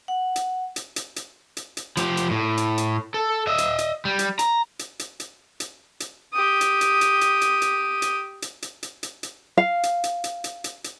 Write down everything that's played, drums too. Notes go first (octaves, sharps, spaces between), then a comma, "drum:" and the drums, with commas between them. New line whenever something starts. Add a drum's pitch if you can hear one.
F#5
drum: hi-hat
drum: hi-hat
drum: hi-hat
drum: hi-hat
drum: hi-hat
drum: hi-hat
F3 G4, drum: hi-hat
drum: hi-hat
A2
drum: hi-hat
drum: hi-hat
A4
D#5 E5
drum: hi-hat
drum: hi-hat
G3
drum: hi-hat
A#5, drum: hi-hat
drum: hi-hat
drum: hi-hat
drum: hi-hat
drum: hi-hat
drum: hi-hat
G4 D#6
drum: hi-hat
drum: hi-hat
drum: hi-hat
drum: hi-hat
drum: hi-hat
drum: hi-hat
drum: hi-hat
drum: hi-hat
drum: hi-hat
drum: hi-hat
drum: hi-hat
drum: hi-hat
F5
drum: hi-hat
drum: hi-hat
drum: hi-hat
drum: hi-hat
drum: hi-hat
drum: hi-hat